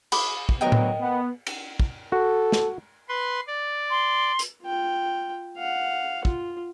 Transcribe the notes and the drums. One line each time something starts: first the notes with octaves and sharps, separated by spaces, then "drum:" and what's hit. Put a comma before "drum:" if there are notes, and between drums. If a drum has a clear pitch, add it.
B5 D6 D#6, drum: cymbal
drum: kick
D2 F#3 B3 A#4 D#5 G5
drum: tom A2
B3
drum: cymbal
drum: kick
F#4 A4
drum: snare
B4 C6
D5
C6
drum: hi-hat
F4 G5
F5 F#5
F4, drum: kick